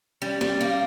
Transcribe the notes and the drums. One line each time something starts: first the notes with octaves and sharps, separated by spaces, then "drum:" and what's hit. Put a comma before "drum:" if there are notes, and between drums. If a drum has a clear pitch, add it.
G3 C#4
G3, drum: snare
A#3